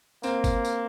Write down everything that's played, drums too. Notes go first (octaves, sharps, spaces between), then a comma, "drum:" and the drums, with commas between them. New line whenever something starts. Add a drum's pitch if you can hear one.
A#3 C4, drum: tambourine
drum: kick G#1, tambourine
drum: tambourine